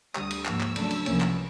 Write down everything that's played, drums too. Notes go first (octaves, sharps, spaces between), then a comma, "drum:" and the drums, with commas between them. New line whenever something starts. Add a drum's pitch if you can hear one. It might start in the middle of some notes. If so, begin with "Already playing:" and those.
D2 D3 G3 D#6, drum: clap
drum: cymbal
G#2 F3 A#3 E6, drum: clap
drum: clap
C#3 F#3 A3 D4, drum: cymbal
drum: cymbal
C2 C3 F3 A#3 C#4, drum: cymbal
drum: clap